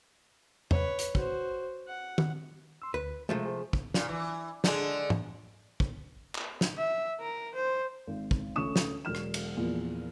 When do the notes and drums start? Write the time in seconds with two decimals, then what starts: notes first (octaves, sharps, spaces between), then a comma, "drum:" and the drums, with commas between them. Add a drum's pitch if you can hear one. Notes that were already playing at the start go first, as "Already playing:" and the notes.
0.71 B4 C#5, drum: tom E2
0.99 drum: hi-hat
1.15 F#4 C5, drum: kick
1.88 F#5
2.18 drum: tom
2.82 C6 E6
2.94 D2 B4
3.29 C3 F3 G#3 A3 C5 E5
3.46 G#4
3.73 drum: kick
3.94 A#2, drum: snare
4.09 E3
4.64 D3 G#3, drum: snare
5.10 drum: tom G#2
5.80 drum: kick
6.35 drum: clap
6.61 drum: snare
6.78 E5
7.21 A#4
7.55 C5
8.07 G#1
8.31 drum: kick
8.56 D2 A3 C#4 C#6 D#6 E7
8.76 drum: snare
9.05 E1 F#3 F6 E7
9.15 drum: rim click
9.34 drum: cymbal
9.57 E2 A#2 F3